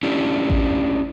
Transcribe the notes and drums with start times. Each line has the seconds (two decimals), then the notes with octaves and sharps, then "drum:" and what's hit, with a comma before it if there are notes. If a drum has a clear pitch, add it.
0.03 C#4 D4 E4 G4
0.50 drum: kick A1